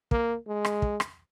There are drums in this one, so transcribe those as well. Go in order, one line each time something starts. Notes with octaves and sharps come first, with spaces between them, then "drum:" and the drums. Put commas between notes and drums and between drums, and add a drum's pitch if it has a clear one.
A#3, drum: kick
G#3
drum: rim click
drum: kick
drum: rim click